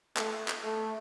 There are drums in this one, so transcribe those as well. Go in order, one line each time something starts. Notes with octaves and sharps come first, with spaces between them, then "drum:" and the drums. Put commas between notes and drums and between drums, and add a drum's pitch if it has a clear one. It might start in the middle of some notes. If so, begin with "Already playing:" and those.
A3, drum: clap
drum: clap
A3